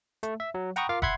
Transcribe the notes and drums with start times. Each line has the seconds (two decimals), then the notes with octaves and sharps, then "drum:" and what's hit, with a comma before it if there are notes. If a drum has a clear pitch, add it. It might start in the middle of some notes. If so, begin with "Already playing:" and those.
0.23 A3, drum: hi-hat
0.40 E5
0.54 F#3
0.76 F#5 G5 A#5 B5 C#6 D#6, drum: hi-hat
0.89 F4 A#4 F5 D6
1.02 E5 F#5 B5 C6 G#6 C7, drum: kick